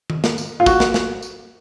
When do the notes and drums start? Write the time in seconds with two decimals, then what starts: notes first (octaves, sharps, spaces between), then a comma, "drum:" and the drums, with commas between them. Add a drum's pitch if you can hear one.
0.10 drum: tom D#3
0.24 drum: snare
0.38 drum: tambourine
0.60 F4
0.66 F#4, drum: kick, tambourine
0.80 drum: snare
0.94 drum: snare
1.22 drum: tambourine